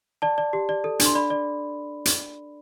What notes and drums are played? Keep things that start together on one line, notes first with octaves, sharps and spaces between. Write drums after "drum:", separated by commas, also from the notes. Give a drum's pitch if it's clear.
D5 A5
D5
G4
D5
A4
D4, drum: hi-hat
C6
D5 B5
D5
drum: hi-hat